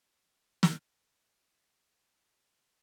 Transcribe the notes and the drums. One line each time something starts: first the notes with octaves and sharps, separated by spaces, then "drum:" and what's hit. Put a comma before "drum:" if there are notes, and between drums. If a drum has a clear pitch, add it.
G3 C4 D#4 F#4 G4 A4
drum: snare